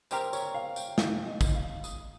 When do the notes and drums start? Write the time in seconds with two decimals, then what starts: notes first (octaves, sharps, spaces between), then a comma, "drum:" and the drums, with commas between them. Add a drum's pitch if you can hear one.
0.11 G3 C4 G4 A#4 C5, drum: tambourine
0.33 C#5, drum: tambourine
0.54 F5
0.76 G5, drum: tambourine
0.98 F5, drum: snare
1.26 D#5
1.41 drum: kick, tambourine
1.55 F5
1.84 D#6, drum: tambourine